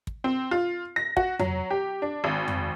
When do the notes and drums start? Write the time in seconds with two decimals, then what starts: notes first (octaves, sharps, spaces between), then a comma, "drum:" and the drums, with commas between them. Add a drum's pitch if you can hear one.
0.07 drum: kick
0.24 C4
0.51 F4
0.96 A#6
1.17 F#4, drum: kick
1.39 F#3, drum: tom
1.71 G4
2.02 D4
2.24 G#1
2.48 drum: tom